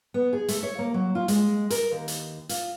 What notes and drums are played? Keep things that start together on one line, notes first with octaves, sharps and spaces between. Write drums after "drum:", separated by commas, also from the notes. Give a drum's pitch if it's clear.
B3
G#4
A3, drum: hi-hat
C#5
A#3
F#3
F4
G#3, drum: hi-hat
A#4, drum: hi-hat
D#2
drum: hi-hat
F4, drum: hi-hat